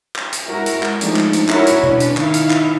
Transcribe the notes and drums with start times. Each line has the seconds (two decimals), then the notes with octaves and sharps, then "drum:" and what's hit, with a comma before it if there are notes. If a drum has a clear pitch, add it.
0.16 drum: clap
0.33 drum: hi-hat
0.46 G#3 E4 F#4 A#4
0.66 drum: hi-hat
0.83 drum: clap
1.01 F3 G#3 A3 D4 D#4, drum: hi-hat
1.16 drum: clap
1.33 drum: hi-hat
1.49 C#4 D#4 E4 F#4 A#4 C#5, drum: clap
1.67 drum: hi-hat
1.84 C#4 D4 B4, drum: tom B2
2.00 drum: hi-hat
2.17 D#3 D#4 E4 F5, drum: clap
2.34 drum: hi-hat
2.50 drum: clap